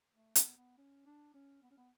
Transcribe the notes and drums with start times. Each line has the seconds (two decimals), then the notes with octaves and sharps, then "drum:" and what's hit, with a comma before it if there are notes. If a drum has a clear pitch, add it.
0.14 A3
0.35 B3, drum: hi-hat
0.57 B3
0.78 C#4
1.06 D4
1.34 C#4
1.63 B3
1.70 C#4
1.77 B3